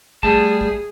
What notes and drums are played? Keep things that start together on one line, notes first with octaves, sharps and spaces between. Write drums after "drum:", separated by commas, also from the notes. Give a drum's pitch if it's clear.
G3 A3 G#4 A5, drum: kick
drum: kick